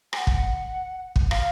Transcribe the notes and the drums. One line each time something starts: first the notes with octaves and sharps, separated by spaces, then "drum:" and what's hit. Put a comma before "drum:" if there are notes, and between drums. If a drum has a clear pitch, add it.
G#5, drum: rim click
F#5
drum: kick
drum: kick
F5, drum: rim click